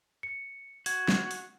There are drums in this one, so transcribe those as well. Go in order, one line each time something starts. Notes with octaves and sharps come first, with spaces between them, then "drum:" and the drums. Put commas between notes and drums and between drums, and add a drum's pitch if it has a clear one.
C#7
F#4 G#6, drum: open hi-hat
drum: snare
drum: open hi-hat